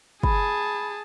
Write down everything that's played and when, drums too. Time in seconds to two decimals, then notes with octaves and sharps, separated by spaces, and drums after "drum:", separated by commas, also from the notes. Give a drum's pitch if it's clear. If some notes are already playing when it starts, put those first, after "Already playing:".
0.23 G#4 A5 B5, drum: kick